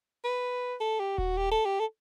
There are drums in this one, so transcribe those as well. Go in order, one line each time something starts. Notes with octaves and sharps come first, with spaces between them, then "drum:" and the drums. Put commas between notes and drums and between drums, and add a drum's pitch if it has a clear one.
B4
A4
G4
F#4, drum: kick D#1
G4
A4
G4
A4